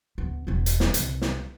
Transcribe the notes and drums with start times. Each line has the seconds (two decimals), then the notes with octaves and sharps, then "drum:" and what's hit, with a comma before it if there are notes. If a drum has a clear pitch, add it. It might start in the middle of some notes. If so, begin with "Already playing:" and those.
0.18 D2 B3
0.47 E1 B3
0.66 drum: hi-hat
0.80 drum: snare
0.94 C2, drum: hi-hat
1.22 drum: snare